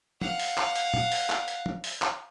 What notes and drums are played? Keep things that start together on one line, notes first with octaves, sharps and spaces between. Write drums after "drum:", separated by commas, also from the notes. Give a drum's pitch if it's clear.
F5 F#5, drum: tom
drum: open hi-hat
drum: clap
drum: hi-hat
drum: tom
drum: open hi-hat
drum: clap
drum: hi-hat
drum: tom
drum: open hi-hat
drum: clap